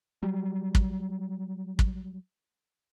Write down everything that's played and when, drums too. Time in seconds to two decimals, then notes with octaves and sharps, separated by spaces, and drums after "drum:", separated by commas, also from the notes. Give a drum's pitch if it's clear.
0.23 F#3 G3
0.75 drum: kick
1.79 drum: kick